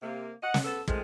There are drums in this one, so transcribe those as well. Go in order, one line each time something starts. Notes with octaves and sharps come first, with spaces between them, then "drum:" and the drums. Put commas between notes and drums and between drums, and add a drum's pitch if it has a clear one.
C3 A#3
D#5 F#5
drum: snare
B3 A4
D#3 F3 G#3 A3 C4, drum: kick